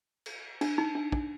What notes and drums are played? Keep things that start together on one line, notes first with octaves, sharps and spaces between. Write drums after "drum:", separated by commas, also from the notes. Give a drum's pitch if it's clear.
drum: cymbal
D4, drum: cymbal
D#4
D4
D4, drum: kick